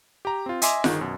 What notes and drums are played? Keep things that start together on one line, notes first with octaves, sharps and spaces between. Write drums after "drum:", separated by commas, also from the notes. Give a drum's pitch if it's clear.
G4 A#5
C4 F4
D#5 E5 G#5 C6 D6, drum: hi-hat
G1 D#3 G#4 F#6, drum: snare F4
F#2 B2